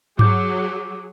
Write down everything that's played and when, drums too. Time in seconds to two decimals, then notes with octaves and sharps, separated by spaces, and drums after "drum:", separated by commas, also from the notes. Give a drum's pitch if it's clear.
0.19 F#3 G#4 D6 G6, drum: tom G2